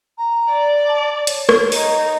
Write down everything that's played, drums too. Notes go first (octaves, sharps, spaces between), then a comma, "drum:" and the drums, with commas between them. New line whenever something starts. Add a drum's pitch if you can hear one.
A#5
D5
A5
C#5, drum: hi-hat
drum: rim click
D#4, drum: open hi-hat